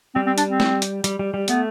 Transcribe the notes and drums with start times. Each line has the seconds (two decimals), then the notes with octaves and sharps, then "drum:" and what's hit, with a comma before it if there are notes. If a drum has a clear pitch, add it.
0.15 G3 C4
0.27 C4
0.38 D4, drum: hi-hat
0.49 C4
0.60 drum: snare
0.82 drum: hi-hat
1.04 G3, drum: hi-hat
1.19 G3
1.34 G3
1.48 A3 B3, drum: hi-hat